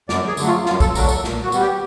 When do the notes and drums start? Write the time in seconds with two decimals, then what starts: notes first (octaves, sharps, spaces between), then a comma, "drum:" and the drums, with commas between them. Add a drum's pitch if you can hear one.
0.09 F#2 D5, drum: snare
0.28 G#4
0.37 D3 F#3 A3, drum: tambourine
0.48 F4
0.66 F#2 F4, drum: snare
0.80 A4, drum: kick, tambourine
0.95 D3 F#3 A3 A#4, drum: tambourine
1.09 A4, drum: tambourine
1.24 A#2, drum: snare
1.43 F#4
1.52 G3 B3, drum: tambourine
1.61 G4